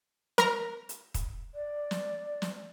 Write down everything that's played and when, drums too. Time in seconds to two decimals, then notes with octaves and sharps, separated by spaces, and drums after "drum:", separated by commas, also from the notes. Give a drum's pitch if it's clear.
0.38 A#4 A#5, drum: snare
0.89 drum: hi-hat
1.14 drum: kick, hi-hat
1.55 D5
1.91 drum: snare
2.42 drum: snare